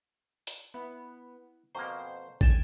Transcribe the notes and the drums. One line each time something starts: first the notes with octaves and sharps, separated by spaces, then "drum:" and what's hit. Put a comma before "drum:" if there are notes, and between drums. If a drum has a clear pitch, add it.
drum: hi-hat
B3 E4
F2 B2 A#3 C5 A#5 C#6
G5 G#5 A6 E7, drum: kick